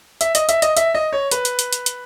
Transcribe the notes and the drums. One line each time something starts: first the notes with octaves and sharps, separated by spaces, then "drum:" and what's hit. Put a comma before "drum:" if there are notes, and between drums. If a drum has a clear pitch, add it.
E5, drum: hi-hat
D#5, drum: hi-hat
E5, drum: hi-hat
D#5, drum: hi-hat
E5, drum: hi-hat
D#5
C#5
B4, drum: hi-hat
drum: hi-hat
drum: hi-hat
drum: hi-hat
drum: hi-hat